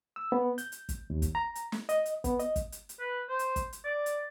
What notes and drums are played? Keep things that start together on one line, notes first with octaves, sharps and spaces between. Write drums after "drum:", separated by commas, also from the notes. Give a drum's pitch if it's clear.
E6
B3
G6, drum: hi-hat
drum: hi-hat
drum: kick, hi-hat
D#2
drum: kick, hi-hat
A#5
drum: hi-hat
drum: snare
D#5, drum: hi-hat
drum: hi-hat
B3, drum: kick, hi-hat
D#5, drum: hi-hat
drum: kick, hi-hat
drum: hi-hat
drum: hi-hat
B4
C5
drum: hi-hat
drum: kick, hi-hat
drum: hi-hat
D5
drum: hi-hat